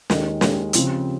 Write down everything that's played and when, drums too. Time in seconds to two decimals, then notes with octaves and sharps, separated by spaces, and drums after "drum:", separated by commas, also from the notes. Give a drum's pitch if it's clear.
0.10 D#2 D#3 G#3, drum: snare
0.41 D#2 D#3 G#3, drum: snare
0.73 C#3 F3 C4 G4, drum: hi-hat